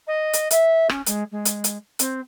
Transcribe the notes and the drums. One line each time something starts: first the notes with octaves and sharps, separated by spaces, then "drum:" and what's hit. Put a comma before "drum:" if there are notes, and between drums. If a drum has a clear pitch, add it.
D#5
drum: hi-hat
E5, drum: hi-hat
C#4, drum: rim click
G#3, drum: hi-hat
G#3
drum: hi-hat
drum: hi-hat
C4, drum: hi-hat